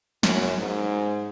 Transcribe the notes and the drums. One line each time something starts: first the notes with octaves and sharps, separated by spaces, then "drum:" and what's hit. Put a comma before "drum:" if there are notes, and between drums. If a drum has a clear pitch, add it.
F#2, drum: snare
G#2